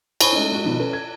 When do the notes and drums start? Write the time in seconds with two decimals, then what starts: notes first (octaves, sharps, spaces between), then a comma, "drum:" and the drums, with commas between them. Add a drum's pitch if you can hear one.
0.21 C5 C#5 G#5 B5 C#6, drum: cymbal
0.33 G#3 A3 C#4 D#4 E4
0.52 G#3 F#4
0.64 B2 D#3 F3
0.79 C#4 A4 B4
0.93 G#6